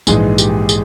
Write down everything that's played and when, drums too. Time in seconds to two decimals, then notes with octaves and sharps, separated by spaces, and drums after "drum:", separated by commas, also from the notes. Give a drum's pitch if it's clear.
0.07 A#1 G#2 E3 G#3 G#4, drum: tambourine
0.38 G4, drum: tambourine
0.69 G#4, drum: tambourine